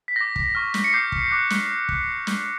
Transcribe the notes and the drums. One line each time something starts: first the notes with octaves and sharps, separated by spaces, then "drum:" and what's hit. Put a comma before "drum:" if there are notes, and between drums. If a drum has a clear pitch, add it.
B6
D6 G6 A#6
drum: kick
C#6 F6
drum: snare
C#7
D6 G6 C7
drum: kick
D6 F#6
drum: snare
drum: kick
drum: snare